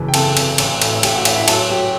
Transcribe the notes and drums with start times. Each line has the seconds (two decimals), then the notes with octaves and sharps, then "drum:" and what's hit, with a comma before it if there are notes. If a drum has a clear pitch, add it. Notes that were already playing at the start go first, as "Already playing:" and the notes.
Already playing: F#1 E3
0.08 G5
0.14 C3 A4 A5, drum: cymbal
0.37 C3, drum: cymbal
0.58 A1, drum: cymbal
0.82 A2, drum: cymbal
1.03 A1 G4 G5, drum: cymbal
1.15 F#4 F#5
1.25 A2 E4 E5, drum: cymbal
1.36 E4 E5
1.48 F#3 A4 A5, drum: cymbal
1.70 F#3 G4 G5